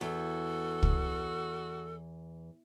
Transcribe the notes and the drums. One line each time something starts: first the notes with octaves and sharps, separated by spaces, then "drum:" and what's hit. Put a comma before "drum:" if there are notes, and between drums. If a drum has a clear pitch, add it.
E2 F#4 A4
drum: kick